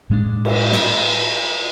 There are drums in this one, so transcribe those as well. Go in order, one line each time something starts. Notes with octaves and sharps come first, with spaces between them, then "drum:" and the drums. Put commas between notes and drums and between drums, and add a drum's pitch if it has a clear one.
A2 G#3 D4
drum: cymbal
drum: snare